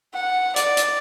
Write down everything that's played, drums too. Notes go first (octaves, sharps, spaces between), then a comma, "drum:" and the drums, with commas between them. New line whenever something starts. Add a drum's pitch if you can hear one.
F#5
D5, drum: hi-hat
drum: hi-hat